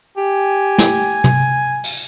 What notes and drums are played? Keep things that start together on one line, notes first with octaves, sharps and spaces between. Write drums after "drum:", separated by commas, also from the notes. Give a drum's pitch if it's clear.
G4 G#5
drum: snare
drum: tom
drum: open hi-hat